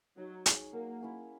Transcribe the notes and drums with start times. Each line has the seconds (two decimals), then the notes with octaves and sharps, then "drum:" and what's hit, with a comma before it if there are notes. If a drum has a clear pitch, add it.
0.17 F#3 D#4
0.46 G#4 C#5, drum: hi-hat
0.73 F#3 A#3
1.01 A#3 C#4 E4